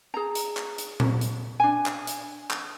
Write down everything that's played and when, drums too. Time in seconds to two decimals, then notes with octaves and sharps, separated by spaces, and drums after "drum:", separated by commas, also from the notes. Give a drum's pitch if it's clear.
0.14 G#4 A#5
0.35 drum: hi-hat
0.57 drum: clap
0.78 drum: hi-hat
1.00 drum: tom A#2
1.21 drum: hi-hat
1.60 D4 G#5
1.86 drum: clap
2.07 drum: hi-hat
2.50 drum: clap